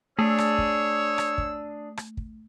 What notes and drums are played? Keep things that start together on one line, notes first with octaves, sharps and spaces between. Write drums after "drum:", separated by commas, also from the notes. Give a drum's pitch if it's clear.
A3 D4 G#4 C#5 E6
drum: rim click
drum: kick
drum: rim click
drum: kick
drum: rim click
drum: kick